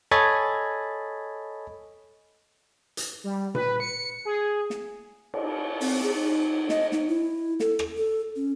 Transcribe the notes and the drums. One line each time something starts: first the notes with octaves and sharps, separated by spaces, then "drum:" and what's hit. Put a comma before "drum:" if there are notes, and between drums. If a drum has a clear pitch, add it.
A4 C#5 D#5 G#5 B5 A6
drum: hi-hat
G3
B4, drum: tom A#2
C#7
G#4
drum: snare
drum: cymbal
C4, drum: open hi-hat
G#4
D#4
D#5, drum: snare
D#4, drum: snare
E4
A4, drum: snare
drum: rim click
A4
C#4